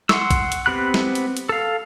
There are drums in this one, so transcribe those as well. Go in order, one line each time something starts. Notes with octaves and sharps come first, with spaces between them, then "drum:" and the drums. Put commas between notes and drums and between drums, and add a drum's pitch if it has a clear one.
F#5 C6 C#6 E6, drum: snare
drum: kick A#1, hi-hat
drum: hi-hat
B3 C4 G4 B5 F#6
drum: snare
drum: hi-hat
drum: hi-hat
A4 F5